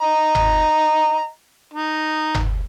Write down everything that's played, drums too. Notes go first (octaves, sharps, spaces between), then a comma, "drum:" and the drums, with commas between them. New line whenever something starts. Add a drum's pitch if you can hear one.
D#5 A#5
drum: tom G1
D#4
drum: tom G1